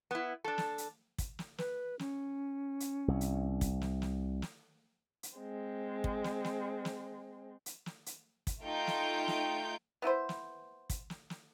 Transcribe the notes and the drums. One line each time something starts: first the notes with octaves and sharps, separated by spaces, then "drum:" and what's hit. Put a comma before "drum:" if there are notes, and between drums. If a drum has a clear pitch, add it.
B3 E4
D4 A4
drum: snare
drum: hi-hat
drum: kick, hi-hat
drum: snare
B4, drum: snare
C#4, drum: snare
drum: hi-hat
C2
drum: hi-hat
drum: kick, hi-hat
drum: snare
drum: snare
drum: snare
drum: hi-hat
G#3 C4
drum: kick
drum: snare
drum: snare
drum: snare
drum: hi-hat
drum: snare
drum: hi-hat
drum: kick, hi-hat
A3 D#4 F4 G5 G6
drum: snare
drum: snare
B3 E4 B4 C5
drum: snare
drum: kick, hi-hat
drum: snare
drum: snare